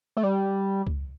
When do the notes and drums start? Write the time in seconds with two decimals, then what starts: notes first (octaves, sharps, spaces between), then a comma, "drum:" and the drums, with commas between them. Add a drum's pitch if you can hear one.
0.17 A3
0.23 G3
0.87 drum: kick C#2